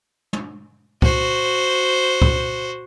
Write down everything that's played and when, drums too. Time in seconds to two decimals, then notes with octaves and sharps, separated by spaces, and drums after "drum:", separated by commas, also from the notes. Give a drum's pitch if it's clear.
0.33 drum: tom
1.02 F#4 C5, drum: kick C#2
2.22 drum: kick C#2